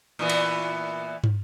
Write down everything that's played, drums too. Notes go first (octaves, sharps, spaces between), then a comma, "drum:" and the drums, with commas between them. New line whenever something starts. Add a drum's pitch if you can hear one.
A#2 E3 B3
drum: cymbal
drum: tom